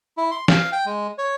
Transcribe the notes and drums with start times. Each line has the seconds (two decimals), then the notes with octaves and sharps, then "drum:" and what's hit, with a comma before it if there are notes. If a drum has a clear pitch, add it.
0.17 E4
0.31 C6
0.48 F5, drum: snare
0.72 G5
0.86 G#3
1.18 C#5